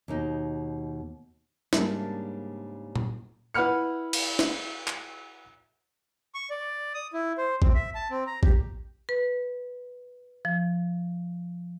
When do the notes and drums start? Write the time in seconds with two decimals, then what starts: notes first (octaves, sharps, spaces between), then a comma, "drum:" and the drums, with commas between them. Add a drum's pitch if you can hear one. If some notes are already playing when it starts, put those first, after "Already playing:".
0.08 D#2 B2 D#4
1.73 G#2 C#3 G3 A#3 D4 A5, drum: snare
2.96 drum: tom A#2
3.54 E4 B4 F#5 B5 F6 C#7
4.13 drum: cymbal
4.39 drum: snare
4.88 drum: clap
6.34 C#6
6.50 D5
6.94 D#6
7.13 E4
7.38 C5
7.62 C4, drum: kick A1
7.75 E5
7.95 A5
8.11 C4
8.27 A#5
8.43 G4, drum: kick A1
9.09 B4
10.45 F3